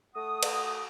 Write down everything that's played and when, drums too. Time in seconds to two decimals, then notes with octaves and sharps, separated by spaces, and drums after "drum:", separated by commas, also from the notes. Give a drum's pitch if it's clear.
0.15 A3 F#5 D#6
0.43 drum: cymbal